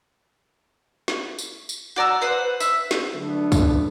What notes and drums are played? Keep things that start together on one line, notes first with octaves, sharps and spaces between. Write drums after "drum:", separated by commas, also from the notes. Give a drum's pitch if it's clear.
drum: snare
drum: tambourine
drum: tambourine
F#4 D5 A#5 E6
B4 C5 F#5
E5, drum: tambourine
drum: snare
D3 F#3 A3 B3 D4
drum: kick, tambourine